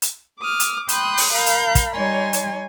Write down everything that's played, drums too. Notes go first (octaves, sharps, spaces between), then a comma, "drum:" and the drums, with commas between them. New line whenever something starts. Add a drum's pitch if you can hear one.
drum: hi-hat
D6 D#6 F6
drum: hi-hat
G5 B5 C6 D#6 F#6 G6, drum: hi-hat
drum: open hi-hat
A#4 F5 B5 G6
drum: hi-hat
drum: kick, hi-hat
G3 D#4 C#5 G#5 C6
drum: hi-hat